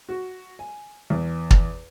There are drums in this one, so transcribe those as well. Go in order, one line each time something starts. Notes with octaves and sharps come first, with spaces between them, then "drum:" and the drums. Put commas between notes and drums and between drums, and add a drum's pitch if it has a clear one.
F#4
G#5
E2
drum: kick